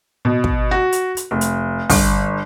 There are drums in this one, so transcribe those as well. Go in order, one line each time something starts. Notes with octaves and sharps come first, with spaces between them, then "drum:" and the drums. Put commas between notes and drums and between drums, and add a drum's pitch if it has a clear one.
B2
drum: kick
F#4
drum: hi-hat
drum: hi-hat
F1
drum: hi-hat
G1, drum: kick, open hi-hat